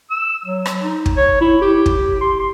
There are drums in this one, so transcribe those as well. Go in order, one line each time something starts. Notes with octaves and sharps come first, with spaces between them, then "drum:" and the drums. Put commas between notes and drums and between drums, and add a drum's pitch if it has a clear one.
E6
F#3
drum: rim click
D#4
drum: kick
C#5
E4
G4
drum: kick
C6
C6